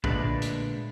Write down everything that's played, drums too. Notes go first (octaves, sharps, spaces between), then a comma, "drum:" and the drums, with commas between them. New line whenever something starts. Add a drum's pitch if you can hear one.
A#2 D3 G#3 A3 D4 B4, drum: kick
drum: hi-hat